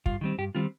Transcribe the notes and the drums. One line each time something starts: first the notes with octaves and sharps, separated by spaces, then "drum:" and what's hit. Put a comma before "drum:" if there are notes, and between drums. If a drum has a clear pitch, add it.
G2 F4, drum: kick
D#3 G3 C4
G2 G4
D#3 G3 C4 F4